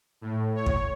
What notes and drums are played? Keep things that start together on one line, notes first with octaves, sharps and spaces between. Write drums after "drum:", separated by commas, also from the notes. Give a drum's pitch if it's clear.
A2
C#5
drum: kick